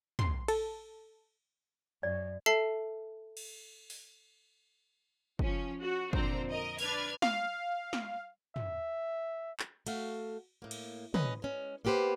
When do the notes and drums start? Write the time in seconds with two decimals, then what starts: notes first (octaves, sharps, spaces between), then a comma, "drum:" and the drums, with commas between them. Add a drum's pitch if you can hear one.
0.19 C6, drum: tom
0.48 A4, drum: cymbal
2.03 F#2 D5
2.46 A4 E5 A5 C7
3.37 drum: cymbal
3.90 drum: open hi-hat
5.39 F3 C#4, drum: kick
5.82 F#4
6.13 F2 A#2 D3 C4 C5 A#5, drum: kick
6.49 A#4 D#5
6.79 D4 B4 F6 G#6, drum: open hi-hat
7.22 F5, drum: snare
7.93 drum: snare
8.56 E5, drum: tom
9.59 drum: clap
9.87 A3 F#4 F5, drum: cymbal
10.62 A2 A#3
10.71 drum: cymbal
11.14 C#4 B4 D#5, drum: tom
11.42 G#3 C#4
11.85 A#3 B3 G4 B4 C5